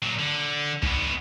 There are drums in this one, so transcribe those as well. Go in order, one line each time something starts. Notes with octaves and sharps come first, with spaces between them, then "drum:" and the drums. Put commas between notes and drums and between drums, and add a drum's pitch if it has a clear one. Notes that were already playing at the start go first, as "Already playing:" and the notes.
A#2 F#3
D3
G#2 B3, drum: kick